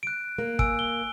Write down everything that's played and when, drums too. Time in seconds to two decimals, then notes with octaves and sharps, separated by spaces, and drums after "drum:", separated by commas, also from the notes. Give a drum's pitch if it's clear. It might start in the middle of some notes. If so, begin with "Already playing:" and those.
0.03 F#6 D7
0.38 A#3
0.59 G#5 E6 D7, drum: kick
0.79 G7